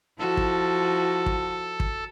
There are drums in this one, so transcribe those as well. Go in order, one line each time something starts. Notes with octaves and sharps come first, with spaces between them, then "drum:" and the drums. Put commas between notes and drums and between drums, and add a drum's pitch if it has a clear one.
F3 E4 F#4 A4
drum: kick
drum: kick
drum: kick